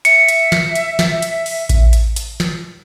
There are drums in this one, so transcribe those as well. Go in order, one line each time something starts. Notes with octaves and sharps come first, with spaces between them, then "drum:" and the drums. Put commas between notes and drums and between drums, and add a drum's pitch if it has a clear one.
E5 C#7, drum: hi-hat
drum: hi-hat
drum: snare
drum: hi-hat
drum: snare
drum: hi-hat
drum: open hi-hat
drum: kick A1, hi-hat
drum: hi-hat
drum: hi-hat
drum: snare